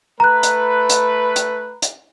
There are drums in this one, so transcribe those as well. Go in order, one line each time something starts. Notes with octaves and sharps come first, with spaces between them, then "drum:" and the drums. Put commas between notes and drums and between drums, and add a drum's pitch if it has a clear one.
A3 B4 A#5 F#6
drum: hi-hat
drum: hi-hat
drum: hi-hat
drum: hi-hat